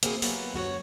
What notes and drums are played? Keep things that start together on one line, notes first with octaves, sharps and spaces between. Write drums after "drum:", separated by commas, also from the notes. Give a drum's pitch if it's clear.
A#3 C4 E4 F#4 G#4, drum: hi-hat
F#3 A#3 B3 E4 G4, drum: open hi-hat
F#2 F#4 A4 C#5